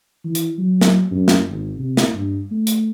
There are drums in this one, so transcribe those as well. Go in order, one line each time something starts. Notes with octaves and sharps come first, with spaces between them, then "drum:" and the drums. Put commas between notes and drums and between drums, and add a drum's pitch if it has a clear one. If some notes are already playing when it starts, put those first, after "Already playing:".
E3
drum: hi-hat
F#3
drum: snare
F#2
drum: snare
G#1
C3
drum: snare
G2
A3
drum: hi-hat